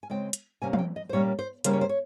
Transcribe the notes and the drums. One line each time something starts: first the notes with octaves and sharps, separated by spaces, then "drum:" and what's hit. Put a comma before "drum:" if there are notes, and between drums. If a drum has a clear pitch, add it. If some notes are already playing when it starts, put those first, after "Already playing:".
G#5
C#3 G#3 C4 G5
drum: hi-hat
C3 G3 A#3 C#4 G#5
F5, drum: tom
G5
D#5
C5
A#2 G3 A#3 C#4 C#5
C5
C#3 G3 A#3 C#4 C5, drum: hi-hat
C#5
C5
C#5